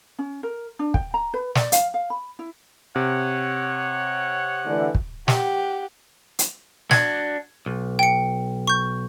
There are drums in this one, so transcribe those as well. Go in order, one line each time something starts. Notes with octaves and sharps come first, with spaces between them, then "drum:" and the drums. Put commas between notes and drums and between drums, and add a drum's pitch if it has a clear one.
C#4
A#4
D4
G5, drum: kick
A#5
B4
D5, drum: snare
F5, drum: hi-hat
F5
B5
E4
C3 C#5 F#5
D3 E3 A3
drum: kick
G4 F#5, drum: snare
drum: hi-hat
D4 F#4 G#6, drum: snare
B1
G5 C#7
C#6 G6